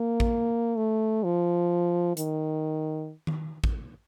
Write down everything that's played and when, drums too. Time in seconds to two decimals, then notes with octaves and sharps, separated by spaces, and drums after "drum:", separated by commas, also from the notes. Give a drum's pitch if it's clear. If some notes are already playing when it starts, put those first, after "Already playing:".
Already playing: A#3
0.20 drum: kick A1
0.77 A3
1.24 F3
2.17 D#3, drum: hi-hat
3.27 drum: tom D#3
3.64 drum: kick A1